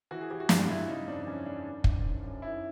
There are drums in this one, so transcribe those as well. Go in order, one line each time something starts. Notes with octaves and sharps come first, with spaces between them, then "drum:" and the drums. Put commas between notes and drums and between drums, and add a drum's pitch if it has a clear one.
E3 F#4
G#4
E3 G4
F#4
G2 F4, drum: snare
G2 E4
C#3 D#4
F2 D4
E3 C#4
F2 D4
D#3
D#3, drum: kick
F#2
F#2
D#3 E4